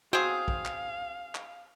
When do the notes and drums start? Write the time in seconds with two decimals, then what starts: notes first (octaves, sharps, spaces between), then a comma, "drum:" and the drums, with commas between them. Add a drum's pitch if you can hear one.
0.13 C4 F#4 G#4 F5
0.48 drum: kick
0.65 drum: clap
1.35 drum: clap